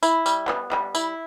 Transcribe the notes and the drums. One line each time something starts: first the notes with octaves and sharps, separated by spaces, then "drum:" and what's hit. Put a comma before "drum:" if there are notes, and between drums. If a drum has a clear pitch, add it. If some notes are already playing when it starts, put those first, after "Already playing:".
E4, drum: tambourine
G3, drum: tambourine
B3, drum: clap
G3, drum: clap
E4, drum: tambourine